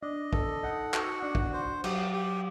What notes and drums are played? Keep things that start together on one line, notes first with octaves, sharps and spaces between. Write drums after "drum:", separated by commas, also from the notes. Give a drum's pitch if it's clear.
D4 D#5
A4, drum: kick
D#4 F#5
F#4, drum: clap
D4 F#5
drum: kick
C5
F#3 G4, drum: cymbal
G4